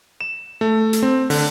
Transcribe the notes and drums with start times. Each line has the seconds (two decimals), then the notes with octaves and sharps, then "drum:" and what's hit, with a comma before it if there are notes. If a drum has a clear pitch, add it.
0.21 E7
0.61 A3
0.93 drum: hi-hat
1.03 C4
1.30 D3, drum: open hi-hat